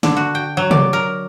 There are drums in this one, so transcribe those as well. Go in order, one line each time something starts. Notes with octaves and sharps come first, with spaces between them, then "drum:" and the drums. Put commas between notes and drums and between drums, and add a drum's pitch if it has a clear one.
D3, drum: snare
F#4
G5
F#3
D5, drum: tom
A#4